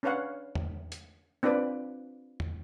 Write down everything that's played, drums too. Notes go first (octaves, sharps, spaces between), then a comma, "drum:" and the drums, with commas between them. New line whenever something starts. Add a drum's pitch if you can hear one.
C#4 D4 B4 C#5 F5 F#5
drum: tom
drum: hi-hat
C4 D4 F4 B4 D5
drum: tom